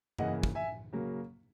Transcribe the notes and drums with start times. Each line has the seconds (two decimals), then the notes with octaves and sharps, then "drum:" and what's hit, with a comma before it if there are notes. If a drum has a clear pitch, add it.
0.18 C#3 E3 A#3 D#5 F#5, drum: tom G2
0.43 drum: kick
0.55 E5 G#5
0.92 C#3 F#3 A#3